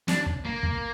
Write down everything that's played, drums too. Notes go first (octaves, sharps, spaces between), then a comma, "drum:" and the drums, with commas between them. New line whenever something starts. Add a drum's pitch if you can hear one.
D4, drum: snare
drum: kick
A#3
drum: kick